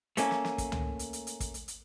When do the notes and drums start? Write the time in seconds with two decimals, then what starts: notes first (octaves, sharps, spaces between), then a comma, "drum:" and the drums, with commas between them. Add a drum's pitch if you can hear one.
0.17 A3 A#3 C#4, drum: hi-hat
0.31 drum: snare
0.45 drum: snare
0.58 drum: kick, hi-hat
0.72 drum: tom
0.99 drum: hi-hat
1.13 drum: hi-hat
1.27 drum: hi-hat
1.40 drum: kick, hi-hat
1.54 drum: hi-hat
1.68 drum: hi-hat